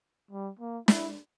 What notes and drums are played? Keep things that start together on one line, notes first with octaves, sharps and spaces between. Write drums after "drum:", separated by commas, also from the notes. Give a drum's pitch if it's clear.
G3
A#3
E4, drum: snare